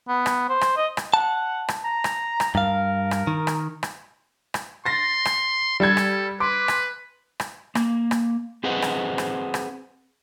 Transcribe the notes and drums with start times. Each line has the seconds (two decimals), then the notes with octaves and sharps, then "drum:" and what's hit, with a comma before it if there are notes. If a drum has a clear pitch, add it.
0.08 B3
0.26 drum: rim click
0.49 C5
0.61 drum: rim click
0.77 D#5
0.97 drum: rim click
1.14 F#5 A5
1.68 drum: rim click
1.84 A#5
2.04 drum: rim click
2.40 drum: rim click
2.55 G2 A#4 F5
3.11 drum: rim click
3.27 D#3
3.47 drum: rim click
3.83 drum: rim click
4.54 drum: rim click
4.86 C6 A6 A#6
5.25 drum: rim click
5.80 G3 A4 G#6
5.97 drum: rim click
6.40 B4 C6 D6
6.68 drum: rim click
7.40 drum: rim click
7.75 A#3, drum: rim click
8.11 drum: rim click
8.64 C4 G#4 B4 C5 D#5 F#5
8.82 drum: rim click
9.18 drum: rim click
9.54 drum: rim click